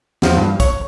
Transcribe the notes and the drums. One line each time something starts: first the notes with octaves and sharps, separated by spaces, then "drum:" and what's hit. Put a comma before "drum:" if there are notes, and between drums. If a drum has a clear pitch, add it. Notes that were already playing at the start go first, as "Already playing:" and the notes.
E2 F3, drum: snare
G2
C#5, drum: kick, hi-hat